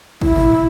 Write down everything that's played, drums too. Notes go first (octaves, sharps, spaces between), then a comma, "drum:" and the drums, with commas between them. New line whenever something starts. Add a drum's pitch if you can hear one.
E4, drum: kick
drum: tom